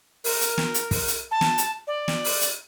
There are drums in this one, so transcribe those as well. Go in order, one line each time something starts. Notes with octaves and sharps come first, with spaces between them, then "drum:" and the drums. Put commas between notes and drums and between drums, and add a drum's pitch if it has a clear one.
A#4, drum: open hi-hat
drum: hi-hat
drum: snare
drum: hi-hat
drum: kick, open hi-hat
drum: hi-hat
A5
drum: snare
drum: hi-hat
D5
drum: snare
drum: open hi-hat
drum: hi-hat